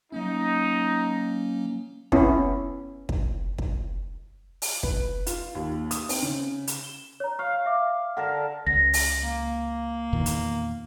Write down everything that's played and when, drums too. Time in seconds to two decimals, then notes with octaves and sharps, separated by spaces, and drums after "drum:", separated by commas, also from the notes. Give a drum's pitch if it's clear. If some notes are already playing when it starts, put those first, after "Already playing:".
0.12 F#3 A#3 C#4 D#4
2.12 B3 C#4 E4, drum: kick
3.09 drum: kick
3.58 drum: kick
4.62 drum: open hi-hat
4.83 B4, drum: kick
5.27 F4, drum: hi-hat
5.55 D#2
5.91 D#6, drum: hi-hat
6.09 C4, drum: open hi-hat
6.22 C#3
6.67 drum: hi-hat
6.84 E7 G7
7.20 C#5 A#5
7.39 F5 C#6
7.66 E5 D6
8.17 D3 A#4 F#5 A5
8.67 C#2 A#6
8.93 drum: open hi-hat
9.23 A#3
10.13 E2 A#2 D#3
10.26 drum: hi-hat